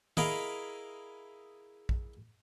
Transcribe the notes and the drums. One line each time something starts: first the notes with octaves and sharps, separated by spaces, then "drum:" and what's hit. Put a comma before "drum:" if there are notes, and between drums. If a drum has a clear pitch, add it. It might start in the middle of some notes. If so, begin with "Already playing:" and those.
E4 G#4 A#4 D#5 F5 B5, drum: tom
drum: kick A#1